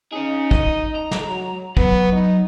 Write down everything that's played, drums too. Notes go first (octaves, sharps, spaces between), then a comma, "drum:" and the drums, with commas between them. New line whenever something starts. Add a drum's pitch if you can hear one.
C#4 D#4 G#4
D#5, drum: kick
A#5
drum: snare
F#3
F#3 B3, drum: kick
D#4